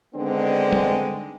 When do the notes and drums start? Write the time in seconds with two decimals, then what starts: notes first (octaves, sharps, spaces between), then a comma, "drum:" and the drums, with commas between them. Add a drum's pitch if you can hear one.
0.15 D3 D#3 G#3 B3 C4 D4
0.73 drum: tom G3